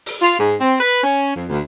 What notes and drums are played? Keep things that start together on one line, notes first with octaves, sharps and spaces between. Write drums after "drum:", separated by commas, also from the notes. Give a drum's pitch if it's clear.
drum: open hi-hat
F4
G#2
C4
B4
C#4
F2
D2